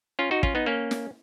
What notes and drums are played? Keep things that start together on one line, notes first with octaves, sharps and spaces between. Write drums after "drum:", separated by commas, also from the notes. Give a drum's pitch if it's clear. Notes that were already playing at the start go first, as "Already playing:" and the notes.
C#4 F4
D#4 F#4
C#4 F4, drum: kick
B3 D#4
A#3 C#4
drum: snare